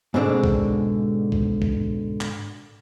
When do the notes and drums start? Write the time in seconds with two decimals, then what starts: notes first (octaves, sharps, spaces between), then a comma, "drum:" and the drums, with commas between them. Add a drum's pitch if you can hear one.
0.14 G#2 B2 D3 G#3 C4 D4
0.44 drum: kick
1.32 drum: kick
1.62 drum: kick
2.21 drum: clap